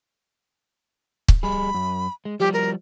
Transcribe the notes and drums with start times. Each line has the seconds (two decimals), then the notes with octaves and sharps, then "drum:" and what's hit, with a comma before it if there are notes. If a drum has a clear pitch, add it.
1.28 drum: kick
1.43 G3 G#4 B5
1.75 F#2
2.25 G#3
2.40 F3 G3 G4
2.54 A#4